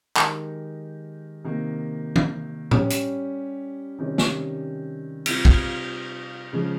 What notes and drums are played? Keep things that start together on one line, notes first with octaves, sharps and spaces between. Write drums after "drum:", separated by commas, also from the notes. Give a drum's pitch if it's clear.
D#3 G#3 D#4 G4 A#4, drum: clap
C3 D#3 A#3
drum: tom
G3 C#4 G4, drum: tom A2
drum: hi-hat
C3 D#3 G3 C#4 G4
drum: snare
C3 G3 C4 F4, drum: cymbal
drum: kick
C#3 F3 G#3